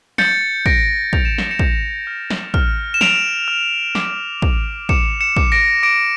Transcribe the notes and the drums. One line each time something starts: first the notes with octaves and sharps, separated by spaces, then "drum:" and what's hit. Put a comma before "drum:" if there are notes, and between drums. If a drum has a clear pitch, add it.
G6 A6 C#7, drum: snare
G6 A#6 D7, drum: kick
G6 F7, drum: kick
E7
D7, drum: snare
C#7 E7
G6, drum: kick
F6
drum: snare
F6, drum: kick
E7
F6 D7 F7, drum: snare
F6
D6, drum: snare
D6, drum: kick
D6 C#7 E7, drum: kick
C#7 E7
D6, drum: kick
A#6 D7
D6 A#6 D7